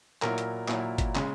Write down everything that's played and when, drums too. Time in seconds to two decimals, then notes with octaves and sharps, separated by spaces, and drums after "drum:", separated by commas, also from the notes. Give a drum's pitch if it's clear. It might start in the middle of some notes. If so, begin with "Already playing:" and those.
0.22 A#2 F#3 A#3 E4 A#4, drum: clap
0.38 drum: hi-hat
0.68 A#2 F#3 A#3 E4, drum: clap
0.98 drum: kick G1, hi-hat
1.15 C#3 G#3, drum: clap